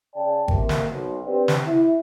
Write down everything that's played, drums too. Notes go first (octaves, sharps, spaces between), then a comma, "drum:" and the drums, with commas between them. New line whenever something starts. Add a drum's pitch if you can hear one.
C#3 D5 G5 A5
F2 C3 A#3, drum: kick G#1
drum: snare
B1
C4 D4 G4 B4 C5
drum: snare
E4